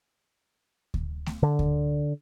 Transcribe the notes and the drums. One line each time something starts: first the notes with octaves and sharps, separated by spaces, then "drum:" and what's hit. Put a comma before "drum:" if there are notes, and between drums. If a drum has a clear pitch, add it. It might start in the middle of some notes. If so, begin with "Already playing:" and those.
drum: kick D2
drum: snare A3
D3
drum: kick D2